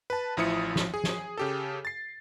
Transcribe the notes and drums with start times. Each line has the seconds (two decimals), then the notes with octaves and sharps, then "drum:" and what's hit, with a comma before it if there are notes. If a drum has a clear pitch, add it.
0.10 B4 A5
0.37 A1 F3 E4 D#6 C#7
0.76 drum: snare
0.94 G#4
1.04 drum: snare
1.38 C#3 G4 A4
1.85 A6 C7